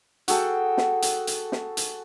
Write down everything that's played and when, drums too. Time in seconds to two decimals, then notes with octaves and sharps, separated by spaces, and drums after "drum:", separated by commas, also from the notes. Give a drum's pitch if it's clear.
0.28 F#4 G#4 A4 G5, drum: hi-hat
0.78 drum: snare
1.02 drum: hi-hat
1.27 drum: hi-hat
1.52 drum: snare
1.77 drum: hi-hat